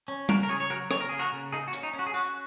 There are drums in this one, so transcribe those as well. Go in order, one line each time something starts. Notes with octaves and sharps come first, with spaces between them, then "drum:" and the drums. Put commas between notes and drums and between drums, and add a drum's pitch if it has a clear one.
C#4
C#3 F#4 A#4, drum: tom G3
A#4
C#3 G#4 C#5
C#5
F#3 F#4 A#4
C#3 C#5, drum: rim click
A#4
A#3 G#4
F#4 A#4
C#3
A#3 D#4 G#4
F#4
C#4, drum: hi-hat
D#4
C#4
F#4
G#4
C#4 F#4, drum: tambourine